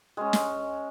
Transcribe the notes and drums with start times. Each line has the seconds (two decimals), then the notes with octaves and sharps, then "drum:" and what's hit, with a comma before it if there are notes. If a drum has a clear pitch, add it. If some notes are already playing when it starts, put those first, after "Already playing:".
0.17 G#3 C#4
0.33 drum: snare